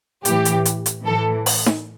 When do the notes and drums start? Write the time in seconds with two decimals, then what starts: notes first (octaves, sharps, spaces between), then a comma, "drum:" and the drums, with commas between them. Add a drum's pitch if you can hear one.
0.25 A2 E3 G4, drum: hi-hat
0.45 drum: hi-hat
0.65 drum: hi-hat
0.86 drum: hi-hat
1.06 A2 E3 A4
1.46 drum: open hi-hat
1.66 drum: snare D#4